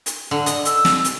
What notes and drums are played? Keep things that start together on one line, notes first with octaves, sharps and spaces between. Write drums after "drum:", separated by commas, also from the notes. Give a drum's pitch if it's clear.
drum: hi-hat
D3
D#5, drum: hi-hat
E6, drum: hi-hat
drum: snare
drum: hi-hat